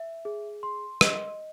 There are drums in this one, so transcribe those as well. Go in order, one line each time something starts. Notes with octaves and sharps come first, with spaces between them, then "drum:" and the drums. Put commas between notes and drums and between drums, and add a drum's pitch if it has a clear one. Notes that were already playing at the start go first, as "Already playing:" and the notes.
Already playing: E5
G#4
C6
D#5, drum: rim click